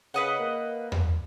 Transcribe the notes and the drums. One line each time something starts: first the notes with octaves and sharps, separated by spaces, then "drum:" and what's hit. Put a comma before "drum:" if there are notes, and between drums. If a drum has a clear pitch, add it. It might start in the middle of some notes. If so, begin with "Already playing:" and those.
C#3 B4 D#5 F#5
A#3
drum: tom E2